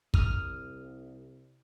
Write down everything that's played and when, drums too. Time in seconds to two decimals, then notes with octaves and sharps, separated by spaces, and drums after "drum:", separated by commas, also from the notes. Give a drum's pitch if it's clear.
0.14 C2 D#6 F6, drum: kick